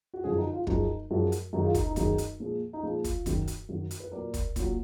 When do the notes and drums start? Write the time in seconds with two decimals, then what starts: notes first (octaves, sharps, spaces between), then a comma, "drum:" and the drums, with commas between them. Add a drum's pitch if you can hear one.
0.14 F#4
0.24 F#2 D3 F3 F4 G#4
0.38 D#4 F#4
0.53 F4
0.67 F#2 F3 G#3 D#4, drum: kick
1.11 F#2 F3 G#3
1.32 drum: hi-hat
1.53 F#2 D#3 G#3 D#4
1.64 F4
1.75 D#4, drum: kick, hi-hat
1.86 D#4
1.96 F#2 D#3 G#3 D#4, drum: kick, hi-hat
2.18 drum: hi-hat
2.40 A#2 F3 G#3
2.73 D#4
2.83 A#2 F3 G#3 F4
3.04 drum: kick, hi-hat
3.26 F#2 D#3 F#3, drum: kick, hi-hat
3.47 drum: hi-hat
3.69 F#2 D#3 F#3
3.91 drum: hi-hat
4.00 B4
4.12 A#2 F#3 A#4 D5
4.34 drum: kick, hi-hat
4.56 A#2 F#3, drum: kick, hi-hat